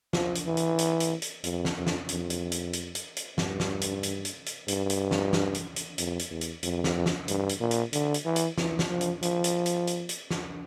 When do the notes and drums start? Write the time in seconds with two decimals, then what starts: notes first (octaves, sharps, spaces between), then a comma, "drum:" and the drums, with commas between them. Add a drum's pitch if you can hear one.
0.13 F3, drum: snare
0.35 drum: hi-hat
0.46 E3
0.57 drum: hi-hat
0.78 drum: hi-hat
1.00 drum: hi-hat
1.22 drum: hi-hat
1.44 F2, drum: hi-hat
1.65 drum: snare
1.76 F2
1.87 drum: snare
2.09 F2, drum: hi-hat
2.30 drum: hi-hat
2.52 drum: hi-hat
2.73 drum: hi-hat
2.95 drum: hi-hat
3.16 drum: hi-hat
3.38 G2, drum: snare
3.60 drum: snare
3.81 drum: hi-hat
4.03 drum: hi-hat
4.25 drum: hi-hat
4.46 drum: hi-hat
4.68 G2, drum: hi-hat
4.90 drum: hi-hat
5.11 drum: snare
5.33 drum: snare
5.54 drum: hi-hat
5.76 drum: hi-hat
5.98 F2, drum: hi-hat
6.19 drum: hi-hat
6.30 E2
6.41 drum: hi-hat
6.63 F2, drum: hi-hat
6.84 drum: snare
7.06 drum: snare
7.28 G2, drum: hi-hat
7.49 drum: hi-hat
7.60 A#2
7.71 drum: hi-hat
7.93 D3, drum: hi-hat
8.14 drum: hi-hat
8.25 E3
8.36 drum: hi-hat
8.58 E3, drum: snare
8.79 drum: snare
8.90 F3
9.01 drum: hi-hat
9.22 F3, drum: hi-hat
9.44 drum: hi-hat
9.66 drum: hi-hat
9.87 drum: hi-hat
10.09 drum: hi-hat
10.31 drum: snare